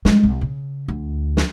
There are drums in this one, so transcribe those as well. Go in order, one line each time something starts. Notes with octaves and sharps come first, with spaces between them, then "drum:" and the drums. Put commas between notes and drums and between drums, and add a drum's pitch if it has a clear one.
G3 G#3, drum: snare
C2
C#3
D2
drum: snare